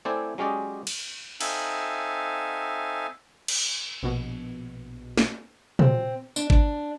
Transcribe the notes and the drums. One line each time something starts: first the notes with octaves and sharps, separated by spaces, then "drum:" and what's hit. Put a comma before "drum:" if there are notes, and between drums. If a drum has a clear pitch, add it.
A3 C4 E4 C5 D5 G#5
F#3 G#3 C#4 G4 D5 D#5
drum: cymbal
C4 D#4 A4 E5 F5 G#5, drum: cymbal
drum: cymbal
A#1 B2
drum: snare
C4, drum: tom
D4, drum: tambourine
D4, drum: kick G1